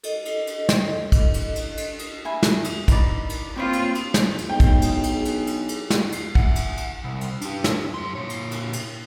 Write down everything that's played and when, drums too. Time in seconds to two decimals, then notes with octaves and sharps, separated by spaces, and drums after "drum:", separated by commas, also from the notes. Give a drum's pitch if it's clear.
0.04 A4 D#5, drum: cymbal
0.25 drum: cymbal
0.47 drum: cymbal
0.69 drum: snare
1.12 drum: kick, cymbal
1.34 drum: cymbal
1.56 drum: cymbal
1.77 drum: cymbal
1.99 drum: cymbal
2.25 E5 G#5 B5
2.43 drum: snare
2.64 drum: cymbal
2.88 D#4 B4 D5, drum: kick, cymbal
3.30 drum: cymbal
3.56 A#3 C4 F4 B4 C#5 C#6
3.73 drum: cymbal
3.95 drum: cymbal
4.14 F3, drum: snare
4.38 drum: cymbal
4.50 B1 G#3 G5
4.60 drum: kick, cymbal
4.82 drum: cymbal
5.03 drum: cymbal
5.15 G#4
5.25 drum: cymbal
5.47 drum: cymbal
5.69 drum: cymbal
5.90 drum: snare
6.12 drum: cymbal
6.35 E5 F#5, drum: kick
6.56 drum: cymbal
6.77 drum: cymbal
7.04 C2
7.21 drum: cymbal
7.41 D4 G4, drum: cymbal
7.64 drum: snare
7.94 F#2 C6
8.15 A#2 C#5
8.30 drum: cymbal
8.51 drum: cymbal
8.73 drum: cymbal